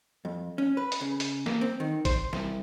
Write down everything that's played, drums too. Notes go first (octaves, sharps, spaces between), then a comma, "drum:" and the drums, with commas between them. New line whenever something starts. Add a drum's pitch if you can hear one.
F2
C#4
B4
drum: hi-hat
C#3
drum: hi-hat
A#3, drum: snare
C4
D#3
C5, drum: kick, hi-hat
C2, drum: snare